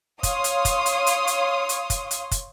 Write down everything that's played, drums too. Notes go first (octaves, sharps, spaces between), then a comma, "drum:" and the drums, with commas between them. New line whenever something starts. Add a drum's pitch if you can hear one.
C#5 F5 C6 D#6, drum: kick, hi-hat
drum: hi-hat
drum: kick, hi-hat
drum: hi-hat
drum: hi-hat
drum: hi-hat
drum: hi-hat
drum: kick, hi-hat
drum: hi-hat
drum: kick, hi-hat